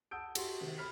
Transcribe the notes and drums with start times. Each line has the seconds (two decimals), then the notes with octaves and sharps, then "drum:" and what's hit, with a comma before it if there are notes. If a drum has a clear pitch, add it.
0.11 F#5 A5 D#6 E6 G6 D7
0.35 F#4 G4 C6, drum: cymbal
0.61 C3 D#3
0.78 B5 F6 B6